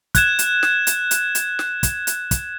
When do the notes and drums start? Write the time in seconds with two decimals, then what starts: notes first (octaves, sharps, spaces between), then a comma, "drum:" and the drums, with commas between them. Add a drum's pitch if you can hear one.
0.15 F#6 G#6 E7, drum: kick, hi-hat
0.39 drum: hi-hat
0.63 drum: snare
0.87 drum: hi-hat
1.11 drum: hi-hat
1.35 drum: hi-hat
1.59 drum: snare
1.83 drum: kick, hi-hat
2.07 drum: hi-hat
2.31 drum: kick, hi-hat